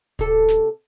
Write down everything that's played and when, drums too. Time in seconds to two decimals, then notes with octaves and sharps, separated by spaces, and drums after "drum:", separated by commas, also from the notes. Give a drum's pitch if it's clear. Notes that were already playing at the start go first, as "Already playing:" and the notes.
0.19 C3 A4, drum: kick D1, hi-hat
0.48 drum: snare